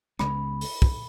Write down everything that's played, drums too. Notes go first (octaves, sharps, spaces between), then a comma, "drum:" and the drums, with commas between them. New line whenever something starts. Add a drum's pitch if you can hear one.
C#2 C#3 G#3 B3 B5, drum: rim click
drum: open hi-hat
drum: kick